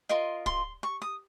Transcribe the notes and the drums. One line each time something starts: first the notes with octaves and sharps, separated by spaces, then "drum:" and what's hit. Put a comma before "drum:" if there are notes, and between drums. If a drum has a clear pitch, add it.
F4 A#4 D#5 C6
C6, drum: kick D1
C#6
D#6